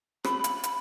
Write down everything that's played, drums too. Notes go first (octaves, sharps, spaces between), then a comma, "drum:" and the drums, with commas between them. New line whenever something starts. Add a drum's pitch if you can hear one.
B5, drum: rim click
drum: hi-hat
drum: hi-hat